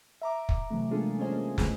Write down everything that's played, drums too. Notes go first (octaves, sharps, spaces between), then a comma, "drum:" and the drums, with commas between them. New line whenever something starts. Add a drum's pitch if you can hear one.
E5 A#5 D6
drum: kick
C3 E3 F#3 A3
G#3 A#3 D4 F4 G#4 A4
C#4 F4 G#4 C5 D#5 G#5
A#3
C2 G2 B2 A3 G#4 G#5, drum: snare